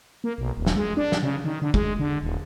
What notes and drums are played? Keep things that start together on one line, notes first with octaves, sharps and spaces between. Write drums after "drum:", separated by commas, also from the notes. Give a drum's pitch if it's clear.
A#3
B1
D#1
drum: snare
G#3
D4
drum: snare
C#3
D#3
D3
G#3, drum: kick
D3
D#1